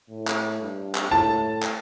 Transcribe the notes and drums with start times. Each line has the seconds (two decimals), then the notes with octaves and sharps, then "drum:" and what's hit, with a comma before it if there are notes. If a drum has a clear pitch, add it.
0.10 A2
0.28 drum: clap
0.62 G2
0.95 drum: clap
1.11 A2 A5
1.62 drum: clap